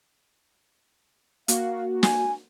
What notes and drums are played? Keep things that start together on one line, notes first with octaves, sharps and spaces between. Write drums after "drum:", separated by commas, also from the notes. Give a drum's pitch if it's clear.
A#3 F#4 F5, drum: hi-hat
G#5, drum: snare